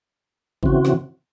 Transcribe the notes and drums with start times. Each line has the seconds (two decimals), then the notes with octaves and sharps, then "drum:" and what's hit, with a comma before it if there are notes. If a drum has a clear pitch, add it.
0.63 C#3 E3 C4 F#4, drum: kick G#1
0.85 drum: snare